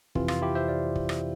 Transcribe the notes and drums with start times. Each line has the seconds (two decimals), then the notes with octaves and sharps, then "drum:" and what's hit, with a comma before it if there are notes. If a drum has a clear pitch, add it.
0.15 F2 C3 E3 F4, drum: kick
0.28 F4, drum: rim click
0.42 E4 G4
0.55 C5 E5
0.68 D5 F5
0.96 drum: kick
1.09 drum: rim click